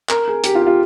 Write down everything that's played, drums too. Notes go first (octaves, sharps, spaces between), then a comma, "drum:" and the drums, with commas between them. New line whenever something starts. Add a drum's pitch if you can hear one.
A#4, drum: clap
G#4
G4, drum: hi-hat
F4
G4
F4